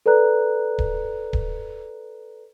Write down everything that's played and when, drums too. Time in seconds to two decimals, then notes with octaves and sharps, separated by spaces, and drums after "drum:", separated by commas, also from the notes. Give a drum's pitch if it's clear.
0.06 A4 B4 D5 A#5 F#6
0.78 drum: kick D1
1.33 drum: kick D1